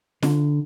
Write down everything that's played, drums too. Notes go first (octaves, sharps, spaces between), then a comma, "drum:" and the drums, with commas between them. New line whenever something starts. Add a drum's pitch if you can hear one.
D3, drum: snare